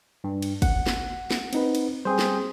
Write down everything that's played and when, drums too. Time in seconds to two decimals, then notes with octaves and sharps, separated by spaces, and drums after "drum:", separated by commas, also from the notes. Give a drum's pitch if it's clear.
0.24 G2
0.42 drum: cymbal
0.62 F#5, drum: kick, cymbal
0.86 drum: snare
1.31 drum: snare
1.53 C4 D#4 B4, drum: cymbal
1.75 drum: cymbal
2.05 G3 C4 G#4 C5
2.19 drum: snare